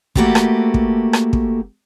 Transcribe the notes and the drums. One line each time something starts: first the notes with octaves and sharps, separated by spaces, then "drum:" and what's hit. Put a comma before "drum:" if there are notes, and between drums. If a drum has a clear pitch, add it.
A3 A#3 F#4 G4 A4 B4, drum: kick
drum: rim click
drum: kick
drum: rim click
drum: kick